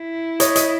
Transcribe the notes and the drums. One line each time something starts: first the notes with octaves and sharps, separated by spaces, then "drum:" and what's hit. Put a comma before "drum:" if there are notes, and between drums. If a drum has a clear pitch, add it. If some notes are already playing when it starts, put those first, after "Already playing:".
Already playing: E4
C#5 D#5, drum: hi-hat
D#5, drum: hi-hat